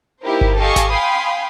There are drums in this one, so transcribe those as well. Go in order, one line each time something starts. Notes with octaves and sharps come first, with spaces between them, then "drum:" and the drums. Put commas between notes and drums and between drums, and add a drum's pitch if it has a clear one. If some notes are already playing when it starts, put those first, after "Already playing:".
A#3 D#4 E4 G4 A#4 C5
drum: kick G1
G4 A4 D#5 F5 G#5 C#6
drum: snare G#1
F5 G5 G#5 B5 C6 D#6